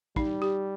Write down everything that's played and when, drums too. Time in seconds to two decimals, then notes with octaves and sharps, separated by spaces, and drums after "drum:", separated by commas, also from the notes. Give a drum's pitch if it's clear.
0.16 G3 D#4, drum: kick
0.42 G4